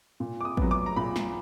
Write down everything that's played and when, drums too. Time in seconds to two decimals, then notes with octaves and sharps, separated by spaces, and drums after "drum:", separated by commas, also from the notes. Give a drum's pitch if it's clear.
0.20 A#2
0.41 D6
0.45 D#6
0.57 F#3 B3, drum: kick A1
0.71 D6
0.86 A#5
0.96 A#2 B5
1.16 drum: snare